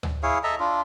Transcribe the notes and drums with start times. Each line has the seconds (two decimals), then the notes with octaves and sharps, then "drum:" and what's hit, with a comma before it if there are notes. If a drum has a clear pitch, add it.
0.03 drum: tom D2
0.23 E4 G#4 C#5 F5
0.44 A4 D#5 E5 A#5
0.60 D4 F4